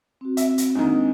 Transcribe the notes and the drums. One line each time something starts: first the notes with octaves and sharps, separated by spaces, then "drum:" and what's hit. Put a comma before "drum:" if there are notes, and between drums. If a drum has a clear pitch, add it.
C4 F#4
E5, drum: hi-hat
drum: hi-hat
G#2 D#3 A#3 C4 D4